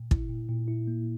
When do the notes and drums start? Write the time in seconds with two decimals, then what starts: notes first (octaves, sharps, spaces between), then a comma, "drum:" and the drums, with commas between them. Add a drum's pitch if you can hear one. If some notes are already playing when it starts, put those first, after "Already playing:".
Already playing: A#2
0.11 E4, drum: kick
0.29 A#2
0.49 A#2
0.68 E4
0.87 A#3